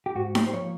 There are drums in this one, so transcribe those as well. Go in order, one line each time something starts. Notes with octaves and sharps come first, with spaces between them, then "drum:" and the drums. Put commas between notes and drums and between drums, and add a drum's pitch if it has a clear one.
G4
G#2 F#4
G4, drum: snare D#4
C5
F3 A#3 C#5